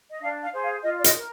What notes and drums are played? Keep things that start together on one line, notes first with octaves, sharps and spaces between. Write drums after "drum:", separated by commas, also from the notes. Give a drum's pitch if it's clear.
D#5
D4 F5
F5
G#4 C5
F5
F4 D#5
D5
D#5, drum: hi-hat
A#4